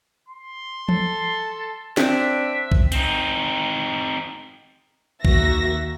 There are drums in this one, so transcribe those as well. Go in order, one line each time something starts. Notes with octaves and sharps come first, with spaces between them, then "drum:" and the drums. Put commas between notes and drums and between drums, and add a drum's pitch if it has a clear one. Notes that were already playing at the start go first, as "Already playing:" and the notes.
C6
A4, drum: tom E3
C4 D4 E5, drum: snare
drum: kick A#1
C4 D#4, drum: hi-hat
D#2 D#3 A#3 F#4 E5 A#6, drum: kick A#1